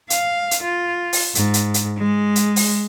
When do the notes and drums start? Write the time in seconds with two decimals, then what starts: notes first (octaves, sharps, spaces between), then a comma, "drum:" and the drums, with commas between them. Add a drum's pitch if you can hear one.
0.10 F5, drum: hi-hat
0.51 drum: hi-hat
0.63 F4
1.13 drum: open hi-hat
1.35 G#2, drum: hi-hat
1.54 drum: hi-hat
1.74 drum: hi-hat
1.98 G#3
2.36 drum: hi-hat
2.56 drum: open hi-hat